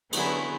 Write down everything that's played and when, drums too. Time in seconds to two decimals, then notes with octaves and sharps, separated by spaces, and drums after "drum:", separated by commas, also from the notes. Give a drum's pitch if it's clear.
0.13 D3 F#3 B3 E4 G#4, drum: cymbal